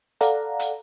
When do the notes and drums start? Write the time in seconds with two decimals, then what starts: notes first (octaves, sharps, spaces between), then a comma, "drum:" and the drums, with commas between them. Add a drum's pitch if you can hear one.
0.21 A4 D5 F5 F#5 A#5, drum: hi-hat
0.59 drum: hi-hat